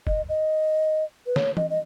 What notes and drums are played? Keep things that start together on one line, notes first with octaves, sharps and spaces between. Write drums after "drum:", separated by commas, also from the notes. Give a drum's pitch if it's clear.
D#5, drum: kick
D#5
B4
C#5, drum: snare
D#5, drum: tom E3
D#5